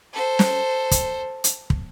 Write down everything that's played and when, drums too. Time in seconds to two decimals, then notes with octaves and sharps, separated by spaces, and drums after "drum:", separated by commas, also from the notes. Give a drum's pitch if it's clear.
0.13 A4 C5
0.39 drum: snare
0.91 drum: kick, hi-hat
1.44 drum: hi-hat
1.70 drum: kick